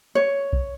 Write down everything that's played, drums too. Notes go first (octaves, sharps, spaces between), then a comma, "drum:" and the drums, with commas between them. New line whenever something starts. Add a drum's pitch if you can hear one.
C#5
drum: kick B1